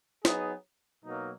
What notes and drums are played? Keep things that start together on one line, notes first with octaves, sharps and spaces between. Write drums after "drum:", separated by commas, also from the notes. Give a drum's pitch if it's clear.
F#3 B3 D#4 G#4, drum: snare
B2 F#3 A#3 D#4